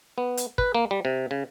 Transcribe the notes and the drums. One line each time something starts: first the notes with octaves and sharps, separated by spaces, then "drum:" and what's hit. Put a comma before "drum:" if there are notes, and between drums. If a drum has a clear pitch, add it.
B3
drum: hi-hat
B4, drum: kick
A#3
G3
C3
C#3